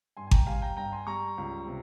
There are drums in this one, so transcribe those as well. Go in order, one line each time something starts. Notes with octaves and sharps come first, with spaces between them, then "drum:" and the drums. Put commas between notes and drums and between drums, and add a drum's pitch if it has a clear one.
G2 G#5 C6
G#5
G5 A#5, drum: kick G#1
G3 F5 G#5
G5 A#5
G2 G5 A#5
G#5 C6
G3 A#5 C#6
C#2
C3